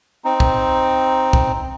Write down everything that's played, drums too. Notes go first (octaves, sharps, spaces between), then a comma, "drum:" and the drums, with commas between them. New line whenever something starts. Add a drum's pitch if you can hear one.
C4 D#4
drum: kick
drum: kick